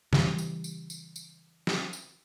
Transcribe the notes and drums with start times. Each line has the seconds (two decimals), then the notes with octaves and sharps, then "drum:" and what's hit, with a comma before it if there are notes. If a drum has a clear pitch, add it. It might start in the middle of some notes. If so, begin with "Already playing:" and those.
0.13 C#3 E3 G3, drum: snare
0.38 drum: tambourine
0.64 drum: tambourine
0.90 drum: tambourine
1.16 drum: tambourine
1.67 drum: snare
1.93 drum: tambourine